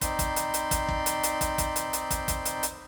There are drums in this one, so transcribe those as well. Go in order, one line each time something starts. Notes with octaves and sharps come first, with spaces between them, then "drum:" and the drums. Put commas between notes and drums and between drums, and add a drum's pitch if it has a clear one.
C4 D#4 D5 B5 C6 G6, drum: kick, hi-hat
drum: kick, hi-hat
drum: hi-hat
drum: hi-hat
drum: kick, hi-hat
drum: kick
drum: hi-hat
drum: hi-hat
drum: kick, hi-hat
drum: kick, hi-hat
drum: hi-hat
drum: hi-hat
drum: kick, hi-hat
drum: kick, hi-hat
drum: hi-hat
drum: hi-hat